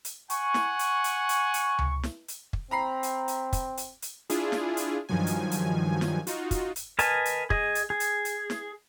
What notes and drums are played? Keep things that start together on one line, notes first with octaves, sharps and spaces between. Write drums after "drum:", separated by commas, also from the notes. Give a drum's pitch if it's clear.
drum: hi-hat
F#5 G#5 C#6, drum: hi-hat
drum: snare
drum: hi-hat
drum: hi-hat
drum: hi-hat
drum: hi-hat
drum: tom C#2
drum: snare
drum: hi-hat
drum: kick
C4 A#5 B5 C7
drum: hi-hat
drum: hi-hat
drum: kick, hi-hat
drum: hi-hat
drum: hi-hat
D4 E4 F4 G#4, drum: hi-hat
drum: snare
drum: hi-hat
G2 D#3 F3 F#3 G#5
drum: hi-hat
drum: hi-hat
drum: snare
D#4 F4 F#4, drum: hi-hat
drum: kick, hi-hat
drum: hi-hat
A#4 B4 D#5 G#5 A5, drum: hi-hat
drum: hi-hat
G#4 D#5, drum: kick
drum: hi-hat
G#4
drum: hi-hat
drum: hi-hat
drum: snare